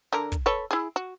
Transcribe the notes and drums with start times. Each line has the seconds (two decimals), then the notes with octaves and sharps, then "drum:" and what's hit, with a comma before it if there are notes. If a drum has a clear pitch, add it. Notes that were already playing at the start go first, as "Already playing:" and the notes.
0.13 D3 A#4
0.32 drum: kick, hi-hat
0.46 A4 B4 C#5
0.71 E4 G#4
0.96 F#4